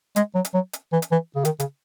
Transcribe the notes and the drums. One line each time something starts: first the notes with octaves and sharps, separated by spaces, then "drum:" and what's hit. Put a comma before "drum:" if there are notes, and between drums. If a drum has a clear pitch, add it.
G#3, drum: hi-hat
F#3
drum: hi-hat
F#3
drum: hi-hat
E3
drum: hi-hat
E3
C#3
D#3, drum: hi-hat
C#3, drum: hi-hat